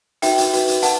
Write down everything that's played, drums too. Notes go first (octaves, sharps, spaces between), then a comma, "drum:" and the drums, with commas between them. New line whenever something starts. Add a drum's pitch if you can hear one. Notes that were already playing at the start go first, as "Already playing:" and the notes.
D#4 F#4 B4 E5 G5, drum: hi-hat
drum: hi-hat
F#4 B4, drum: hi-hat
drum: hi-hat
B4 F#5 A5, drum: hi-hat